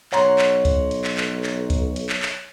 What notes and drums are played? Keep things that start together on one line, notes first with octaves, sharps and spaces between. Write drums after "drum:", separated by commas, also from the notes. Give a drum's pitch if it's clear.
B1 C#5 F#5 A#5 C6, drum: clap
drum: clap
drum: kick C#2, hi-hat
drum: hi-hat
drum: clap
drum: clap
drum: clap
drum: kick C#2, hi-hat
drum: hi-hat
drum: clap
drum: clap